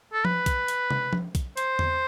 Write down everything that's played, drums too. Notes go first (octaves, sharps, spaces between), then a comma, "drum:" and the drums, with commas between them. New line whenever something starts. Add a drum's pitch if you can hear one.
A4
B4, drum: tom F3
drum: kick B1, hi-hat
drum: hi-hat
drum: tom
drum: tom F3
drum: kick B1, hi-hat
C5, drum: hi-hat
drum: tom E2